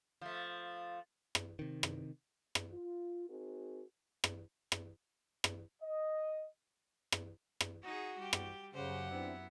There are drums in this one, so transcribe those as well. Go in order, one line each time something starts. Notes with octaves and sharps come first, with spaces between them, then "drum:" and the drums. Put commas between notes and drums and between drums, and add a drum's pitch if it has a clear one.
F3 A3
drum: rim click
C3 D#3
drum: rim click
drum: rim click
F4
C4 D#4 F#4 G#4 A#4
drum: rim click
drum: rim click
drum: rim click
D#5
drum: rim click
drum: rim click
D#4 F#4 G#4
G3 G4 G5
drum: rim click
F#2 C#3 G4 C5 F#5
E3 B3 C4 D4 E4